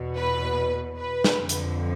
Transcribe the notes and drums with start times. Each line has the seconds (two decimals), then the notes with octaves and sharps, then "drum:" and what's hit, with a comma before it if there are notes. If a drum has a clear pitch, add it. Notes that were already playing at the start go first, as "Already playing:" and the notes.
Already playing: E2 B2
0.16 B4
0.97 B4
1.24 drum: snare
1.37 F2 D3 F3
1.49 drum: hi-hat